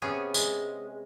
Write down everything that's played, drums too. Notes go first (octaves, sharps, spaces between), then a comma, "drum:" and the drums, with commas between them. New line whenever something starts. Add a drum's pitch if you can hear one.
C3 B3 C#4 G#4
G#3, drum: tambourine